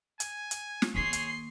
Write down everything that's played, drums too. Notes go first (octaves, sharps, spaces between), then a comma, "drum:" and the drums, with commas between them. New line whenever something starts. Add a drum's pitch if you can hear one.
G#5, drum: hi-hat
drum: hi-hat
drum: snare
D#3 A#3 G#4 C#5 C6 C7
drum: hi-hat